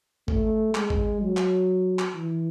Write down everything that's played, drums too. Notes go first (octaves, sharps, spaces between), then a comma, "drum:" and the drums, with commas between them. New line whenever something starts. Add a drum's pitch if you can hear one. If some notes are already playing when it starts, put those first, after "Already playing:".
A3, drum: kick G#1
G#3, drum: clap
drum: kick G#1
F#3
drum: clap
drum: clap
E3